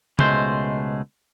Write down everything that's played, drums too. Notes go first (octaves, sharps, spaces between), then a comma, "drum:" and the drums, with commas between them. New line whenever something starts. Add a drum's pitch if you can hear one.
C#2 B2 G#3 A3 C5, drum: tom C#3